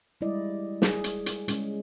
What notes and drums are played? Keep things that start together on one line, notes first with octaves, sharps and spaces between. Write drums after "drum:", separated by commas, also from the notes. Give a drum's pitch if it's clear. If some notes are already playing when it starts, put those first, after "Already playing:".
G3 G#3 E4 D5 D#5
G#4, drum: snare
drum: hi-hat
drum: hi-hat
G#3 C#4, drum: hi-hat